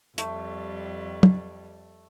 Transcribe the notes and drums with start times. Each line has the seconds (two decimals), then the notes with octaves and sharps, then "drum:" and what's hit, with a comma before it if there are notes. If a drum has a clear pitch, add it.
0.18 F2 G3 A3, drum: hi-hat
1.23 drum: tom